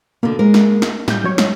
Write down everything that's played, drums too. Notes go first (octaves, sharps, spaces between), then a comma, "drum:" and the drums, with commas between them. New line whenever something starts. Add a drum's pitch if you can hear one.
B2 D3 A#3
G#3 A#4
drum: snare
drum: snare
A2 G3 G6, drum: snare
F#3 C#5
drum: snare